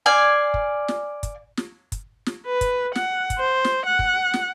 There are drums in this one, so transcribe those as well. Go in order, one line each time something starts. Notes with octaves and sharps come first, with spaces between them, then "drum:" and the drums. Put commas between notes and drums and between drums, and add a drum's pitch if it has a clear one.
D5 F5 G#5
drum: kick
drum: snare
drum: kick, hi-hat
drum: snare
drum: kick, hi-hat
drum: snare
B4
drum: kick, hi-hat
F#5, drum: snare
drum: kick, hi-hat
C5
drum: snare
F#5
drum: kick
drum: snare